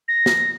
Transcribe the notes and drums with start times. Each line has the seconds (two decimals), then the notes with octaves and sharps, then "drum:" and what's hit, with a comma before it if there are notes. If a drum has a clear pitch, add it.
0.08 A#6
0.26 drum: snare